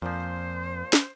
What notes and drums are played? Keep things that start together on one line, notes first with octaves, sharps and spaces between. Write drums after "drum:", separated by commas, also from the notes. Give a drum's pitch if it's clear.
F2 A#2 F3 C5
drum: snare